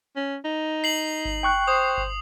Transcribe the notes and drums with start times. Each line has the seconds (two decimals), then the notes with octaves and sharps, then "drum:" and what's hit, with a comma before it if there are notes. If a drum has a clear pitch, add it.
0.16 C#4
0.45 D#4
0.84 C7 F#7
1.25 drum: kick G1
1.43 G5 C#6 F#6
1.68 C5 D#6
1.97 drum: kick G1